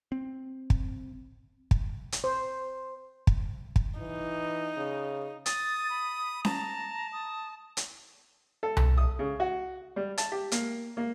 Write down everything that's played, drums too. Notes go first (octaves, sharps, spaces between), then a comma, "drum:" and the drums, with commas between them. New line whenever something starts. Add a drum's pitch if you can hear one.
C4
drum: kick
drum: kick
drum: hi-hat
C5
drum: kick
drum: kick
E3 D#4
C#3
D#6 A6, drum: hi-hat
B5
A5 A#5, drum: snare C#4
D#6
drum: hi-hat
A4
A4, drum: tom C2
D#6
C#3
F#4
G3
A5, drum: hi-hat
G4
A#3, drum: hi-hat
A#3